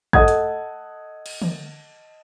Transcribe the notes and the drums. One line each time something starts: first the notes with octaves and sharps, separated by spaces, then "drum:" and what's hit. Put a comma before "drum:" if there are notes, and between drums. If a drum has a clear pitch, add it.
A4 D#5 F#5 D#6 G#6, drum: kick
drum: hi-hat
drum: cymbal
drum: tom